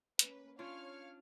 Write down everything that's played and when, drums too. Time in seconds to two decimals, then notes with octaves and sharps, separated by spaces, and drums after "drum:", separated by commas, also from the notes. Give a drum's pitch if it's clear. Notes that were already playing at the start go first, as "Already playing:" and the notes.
0.19 A#3 C#4 B4, drum: hi-hat
0.59 C#4 D4 F4 C#5 F5 F6